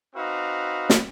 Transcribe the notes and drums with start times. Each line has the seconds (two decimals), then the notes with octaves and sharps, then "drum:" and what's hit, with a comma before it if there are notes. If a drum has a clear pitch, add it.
0.15 C4 D#4 F#4 B4 F5
0.90 drum: snare